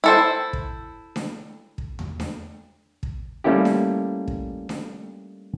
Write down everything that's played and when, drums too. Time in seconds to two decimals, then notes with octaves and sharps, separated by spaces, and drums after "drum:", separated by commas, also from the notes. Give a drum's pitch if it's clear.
0.04 E4 A4 C5
0.53 drum: kick
1.16 drum: snare D4
1.78 drum: kick
1.99 drum: tom E2
2.20 drum: snare D4
3.03 drum: kick
3.44 G3 A3 A#3 C#4 E4 G4
3.65 drum: snare D4
4.28 drum: kick
4.69 drum: snare D4